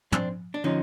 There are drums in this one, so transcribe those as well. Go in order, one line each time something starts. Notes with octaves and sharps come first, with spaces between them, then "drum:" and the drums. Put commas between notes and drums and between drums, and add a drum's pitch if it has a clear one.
C4 D4, drum: tom
D4
D3 F3 C#4 D#4